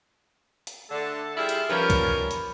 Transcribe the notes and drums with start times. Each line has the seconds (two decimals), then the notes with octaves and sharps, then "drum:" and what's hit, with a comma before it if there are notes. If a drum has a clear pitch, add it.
0.67 drum: hi-hat
0.90 D3 A3 A4
1.37 G3 E4 F4 G#4
1.49 drum: hi-hat
1.69 F3 G3 C#4 A#4 B4
1.90 drum: kick C2, hi-hat
2.31 drum: hi-hat